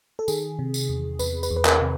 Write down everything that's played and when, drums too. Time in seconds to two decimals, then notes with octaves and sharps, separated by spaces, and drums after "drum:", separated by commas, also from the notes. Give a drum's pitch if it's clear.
0.19 A4
0.28 D#3 G#4, drum: tambourine
0.59 C3
0.74 drum: tambourine
0.89 E2
1.19 E2 B4, drum: tambourine
1.43 B4, drum: tambourine
1.51 E2
1.56 B4
1.65 A#4, drum: clap
1.81 C3